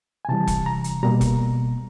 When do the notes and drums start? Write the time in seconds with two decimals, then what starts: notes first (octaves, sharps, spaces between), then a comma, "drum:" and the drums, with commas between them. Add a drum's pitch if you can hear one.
0.25 G#5
0.29 C3 E3 G3 A5
0.47 drum: kick E1, hi-hat
0.66 A#5
0.84 drum: hi-hat
1.03 B2 G3 A#3 A#5
1.21 drum: kick E1, hi-hat